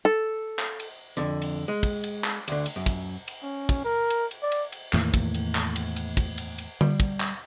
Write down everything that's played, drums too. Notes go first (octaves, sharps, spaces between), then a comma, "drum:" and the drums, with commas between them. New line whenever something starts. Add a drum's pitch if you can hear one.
A4
drum: clap
drum: cymbal
F2 D3
drum: cymbal
G#3
drum: kick, cymbal
drum: cymbal
drum: clap
D2 D3, drum: cymbal
drum: cymbal
F#2
drum: kick, cymbal
drum: cymbal
C#4
drum: kick, cymbal
A#4
drum: cymbal
drum: cymbal
D5
drum: cymbal
drum: cymbal
E2 A2 D#3 A#3, drum: clap
drum: kick, cymbal
drum: cymbal
drum: clap
drum: cymbal
drum: cymbal
drum: kick, cymbal
drum: cymbal
drum: cymbal
G3, drum: tom D3
drum: kick, cymbal
drum: clap